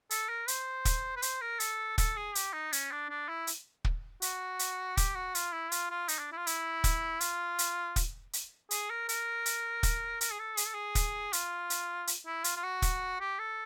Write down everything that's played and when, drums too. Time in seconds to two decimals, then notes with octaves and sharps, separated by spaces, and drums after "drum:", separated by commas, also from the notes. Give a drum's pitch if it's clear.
0.11 A4, drum: hi-hat
0.29 A#4
0.48 C5, drum: hi-hat
0.85 drum: kick, hi-hat
1.16 B4
1.22 C5, drum: hi-hat
1.41 A#4
1.60 A4, drum: hi-hat
1.98 A4, drum: kick, hi-hat
2.17 G#4
2.35 G4, drum: hi-hat
2.53 D#4
2.73 C#4, drum: hi-hat
2.91 D4
3.10 D4
3.28 E4
3.47 drum: hi-hat
3.85 drum: kick
4.22 F#4, drum: hi-hat
4.59 drum: hi-hat
4.97 G4, drum: kick, hi-hat
5.15 F#4
5.35 F4, drum: hi-hat
5.53 E4
5.72 F4, drum: hi-hat
5.90 F4
6.08 D#4, drum: hi-hat
6.19 D4
6.32 E4
6.37 F4
6.47 E4, drum: hi-hat
6.84 drum: kick, hi-hat
7.21 F4, drum: hi-hat
7.59 drum: hi-hat
7.96 drum: kick, hi-hat
8.33 drum: hi-hat
8.71 G#4, drum: hi-hat
8.90 A#4
9.09 A#4, drum: hi-hat
9.46 drum: hi-hat
9.83 drum: kick, hi-hat
10.21 A#4, drum: hi-hat
10.32 G#4
10.39 A4
10.57 G#4, drum: hi-hat
10.67 A4
10.74 G#4
10.95 drum: kick, hi-hat
11.33 F4, drum: hi-hat
11.70 drum: hi-hat
12.07 drum: hi-hat
12.26 E4
12.44 F4, drum: hi-hat
12.57 F4
12.63 F#4
12.82 drum: kick, hi-hat
13.20 G4
13.39 A4